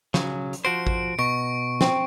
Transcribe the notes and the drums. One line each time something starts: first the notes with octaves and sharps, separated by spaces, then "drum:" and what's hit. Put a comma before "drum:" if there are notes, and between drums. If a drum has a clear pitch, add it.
C#3 F#3, drum: snare
drum: hi-hat
F3 F#4 C5 D7
drum: kick A1
B2 C#6 D7
C4, drum: snare